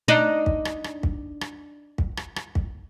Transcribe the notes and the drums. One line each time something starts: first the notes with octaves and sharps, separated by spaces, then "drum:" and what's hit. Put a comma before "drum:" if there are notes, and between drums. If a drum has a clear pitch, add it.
D4 D#4
drum: kick
drum: rim click
drum: rim click
drum: kick
drum: rim click
drum: kick
drum: rim click
drum: rim click
drum: kick